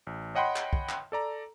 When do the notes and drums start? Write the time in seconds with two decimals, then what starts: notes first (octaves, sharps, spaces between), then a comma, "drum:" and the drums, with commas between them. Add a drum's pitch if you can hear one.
0.07 A1
0.35 C#5 D#5 F#5 G5 B5 C6
0.56 drum: clap
0.73 drum: kick
0.89 drum: clap
1.12 A4 D5 A#5